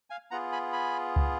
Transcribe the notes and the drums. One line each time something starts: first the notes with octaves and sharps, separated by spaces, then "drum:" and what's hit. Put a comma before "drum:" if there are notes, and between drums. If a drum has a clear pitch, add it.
F5 G#5
B3 F4 G#4 F#5 A#5
G#5 B5
G#5 B5
drum: kick C#2